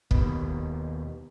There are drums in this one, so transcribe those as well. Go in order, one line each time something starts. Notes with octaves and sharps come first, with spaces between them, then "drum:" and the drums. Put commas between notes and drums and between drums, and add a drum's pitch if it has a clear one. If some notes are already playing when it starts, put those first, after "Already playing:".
D#2 B2, drum: kick